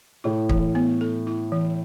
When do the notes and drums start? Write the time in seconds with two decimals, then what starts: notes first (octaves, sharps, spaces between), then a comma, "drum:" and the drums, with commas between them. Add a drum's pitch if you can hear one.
0.24 A2 E4
0.49 E3, drum: kick
0.75 B3
1.01 A4
1.27 E4
1.52 E3